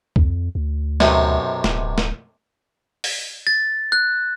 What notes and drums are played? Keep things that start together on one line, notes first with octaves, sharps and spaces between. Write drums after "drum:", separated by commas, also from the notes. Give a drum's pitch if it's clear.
F2, drum: kick C#2
D2
B1 F#2 C3, drum: snare
D1, drum: snare
drum: snare
drum: open hi-hat
A6
F#6